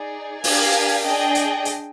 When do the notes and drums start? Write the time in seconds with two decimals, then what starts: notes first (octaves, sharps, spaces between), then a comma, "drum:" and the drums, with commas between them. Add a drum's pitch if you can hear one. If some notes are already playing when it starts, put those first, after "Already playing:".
Already playing: D#4 G#4 D5
0.44 D4 G4 A#4 F5 G#5, drum: open hi-hat
1.04 D4 G#4 D#5 G5
1.35 drum: hi-hat
1.65 drum: hi-hat